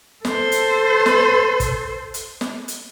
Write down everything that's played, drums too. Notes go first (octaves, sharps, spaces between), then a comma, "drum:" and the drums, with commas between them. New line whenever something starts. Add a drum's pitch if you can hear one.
A4 C5, drum: snare
drum: hi-hat
drum: snare
drum: kick, hi-hat
drum: hi-hat
drum: snare
drum: hi-hat